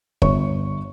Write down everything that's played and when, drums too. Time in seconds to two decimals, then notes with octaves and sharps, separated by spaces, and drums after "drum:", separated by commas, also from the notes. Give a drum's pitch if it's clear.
0.22 G1 C#5 C#6, drum: kick